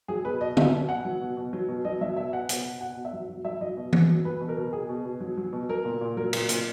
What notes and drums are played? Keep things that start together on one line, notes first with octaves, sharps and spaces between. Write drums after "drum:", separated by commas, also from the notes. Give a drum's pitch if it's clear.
F#3 G#4
B2 B4
B2 D#5
F#3 E5, drum: tom
B2
B2 F#5
F#3
B2
B2
F#3
B2
F#3 D#5
F#3 E5
B2 E5
B2 F#5
B2, drum: hi-hat
B2
B2 F#5
B2
E5
F#3
F#3
F#3 E5
F#3 D#5
B2
B2, drum: tom E3
F#3
F#3 B4
B2
A#4
B2
B2 G#4
B2
B2
F#3
F#3
B2
F#3 A#4
A#2
A#2
F#3 A#4
A#2, drum: cymbal
A#2, drum: hi-hat